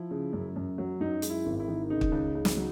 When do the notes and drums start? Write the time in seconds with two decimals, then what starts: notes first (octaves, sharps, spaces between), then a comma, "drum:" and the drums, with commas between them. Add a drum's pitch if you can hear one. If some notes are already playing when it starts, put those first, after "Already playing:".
Already playing: F3 E4
0.11 C#3
0.33 F#2
0.56 F#2
0.78 F#3
1.00 F#2 D#4
1.22 G#3, drum: hi-hat
1.30 E4
1.46 G#1
1.60 E4
1.68 D#3
1.90 C#3 D#4
2.01 drum: kick
2.12 C#2
2.35 C#2
2.45 drum: snare
2.57 F#3